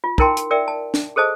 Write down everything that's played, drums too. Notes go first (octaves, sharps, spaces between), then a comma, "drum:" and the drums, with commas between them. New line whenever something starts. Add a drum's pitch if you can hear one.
F4
D#4 E4 A#4 G5 A5 C6, drum: kick
drum: hi-hat
A#4 D5 E5 G5
A5
drum: snare
G#4 A4 C5 D#5 A5